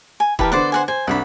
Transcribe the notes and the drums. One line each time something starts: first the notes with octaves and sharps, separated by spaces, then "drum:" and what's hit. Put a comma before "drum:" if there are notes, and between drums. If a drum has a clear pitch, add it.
G#5
E3 G4 A#4 B4 A5 B5, drum: kick
D3 B3 C5 D5 F#5
C5 F#5 G#5
C5 G#5
C2 D4 F#5 G5 B5